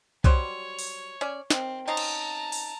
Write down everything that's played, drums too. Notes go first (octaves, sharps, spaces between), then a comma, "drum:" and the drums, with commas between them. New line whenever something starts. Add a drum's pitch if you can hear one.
F#3 G3 C5 C#5, drum: kick B1
drum: open hi-hat
C#4 D5
D#3 C4, drum: snare
C4 C#4 D#4 A5 A#5
drum: cymbal
drum: open hi-hat